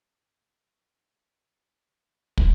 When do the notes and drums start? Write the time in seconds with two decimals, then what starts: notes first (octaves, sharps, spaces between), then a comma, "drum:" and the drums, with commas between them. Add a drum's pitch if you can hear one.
0.58 A4 C5 C#5
2.37 drum: kick